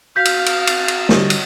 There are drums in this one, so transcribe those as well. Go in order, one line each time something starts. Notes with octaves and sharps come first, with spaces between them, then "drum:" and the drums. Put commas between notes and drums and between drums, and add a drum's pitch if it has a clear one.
F#4 F5 G6 B6
drum: cymbal
drum: cymbal
drum: cymbal
drum: cymbal
D3 G3 C#5 D#5, drum: snare
drum: cymbal